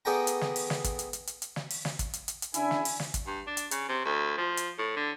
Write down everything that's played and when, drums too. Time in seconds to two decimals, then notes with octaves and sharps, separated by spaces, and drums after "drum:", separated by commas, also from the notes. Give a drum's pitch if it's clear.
0.05 A3 B3 G#4 D5 G5 A#5
0.27 drum: hi-hat
0.41 drum: snare
0.56 drum: open hi-hat
0.70 drum: snare
0.84 drum: kick, hi-hat
0.99 drum: hi-hat
1.13 drum: hi-hat
1.27 drum: hi-hat
1.42 drum: hi-hat
1.56 drum: snare
1.70 drum: open hi-hat
1.85 drum: snare
1.99 drum: kick, hi-hat
2.13 drum: hi-hat
2.28 drum: hi-hat
2.42 drum: hi-hat
2.54 C#3 D4 E4 G#5, drum: hi-hat
2.71 drum: snare
2.85 drum: open hi-hat
3.00 drum: snare
3.14 drum: kick, hi-hat
3.27 G2
3.47 D4
3.57 drum: hi-hat
3.71 C#3, drum: hi-hat
3.89 C3
4.05 D2
4.37 F3
4.57 drum: hi-hat
4.78 A2
4.96 D3